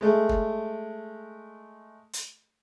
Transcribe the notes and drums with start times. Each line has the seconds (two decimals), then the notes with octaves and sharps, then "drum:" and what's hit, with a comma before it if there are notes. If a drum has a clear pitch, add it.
0.01 G#3 A3
0.29 drum: kick
2.13 drum: hi-hat